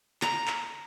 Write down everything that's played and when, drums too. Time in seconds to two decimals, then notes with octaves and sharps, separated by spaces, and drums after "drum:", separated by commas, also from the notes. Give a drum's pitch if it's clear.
0.22 A#5, drum: clap
0.48 drum: clap